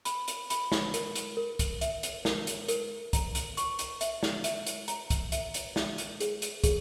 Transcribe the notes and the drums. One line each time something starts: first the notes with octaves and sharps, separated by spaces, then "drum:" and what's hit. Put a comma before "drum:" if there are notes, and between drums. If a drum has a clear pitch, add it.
B5, drum: hi-hat
drum: hi-hat
B5, drum: hi-hat
drum: snare
A#4, drum: hi-hat
drum: hi-hat
A#4
drum: kick, hi-hat
E5, drum: hi-hat
drum: hi-hat
A#4, drum: snare
drum: hi-hat
A#4, drum: hi-hat
A#5, drum: kick, hi-hat
drum: hi-hat
C#6, drum: hi-hat
drum: hi-hat
E5, drum: hi-hat
drum: snare
E5, drum: hi-hat
drum: hi-hat
A#5, drum: hi-hat
drum: kick, hi-hat
E5, drum: hi-hat
drum: hi-hat
E5, drum: snare
drum: hi-hat
G#4, drum: hi-hat
drum: hi-hat
G#4, drum: kick, hi-hat